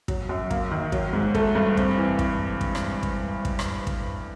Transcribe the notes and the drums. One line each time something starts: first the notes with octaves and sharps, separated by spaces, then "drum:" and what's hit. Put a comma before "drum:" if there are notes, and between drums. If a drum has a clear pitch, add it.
F#3, drum: kick
F#2
A#3, drum: kick
D#3
F#3, drum: kick
G#2
A3, drum: kick
G2
C4, drum: kick
E3
drum: kick
drum: kick
drum: rim click
drum: kick
drum: kick
drum: rim click
drum: kick